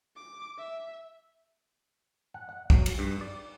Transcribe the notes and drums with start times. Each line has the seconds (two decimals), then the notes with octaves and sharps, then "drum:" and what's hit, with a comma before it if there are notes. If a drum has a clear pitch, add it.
0.16 D6
0.58 E5
2.34 F#5
2.49 F#5
2.70 F#3, drum: kick
2.86 drum: cymbal
2.98 G2
3.21 D5